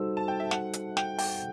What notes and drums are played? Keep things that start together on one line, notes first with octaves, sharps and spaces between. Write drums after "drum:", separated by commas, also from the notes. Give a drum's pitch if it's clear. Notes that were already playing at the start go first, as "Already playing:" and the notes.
Already playing: G3 D#4 F#4 A4 C5 E6
A5
G5
E5
F#5, drum: snare
drum: hi-hat
G5, drum: snare
G5, drum: open hi-hat